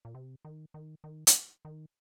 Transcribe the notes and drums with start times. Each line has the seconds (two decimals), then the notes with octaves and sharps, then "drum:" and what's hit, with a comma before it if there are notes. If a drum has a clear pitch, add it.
0.05 A#2
0.15 C3
0.45 D#3
0.74 D#3
1.04 D#3
1.27 drum: hi-hat
1.65 D#3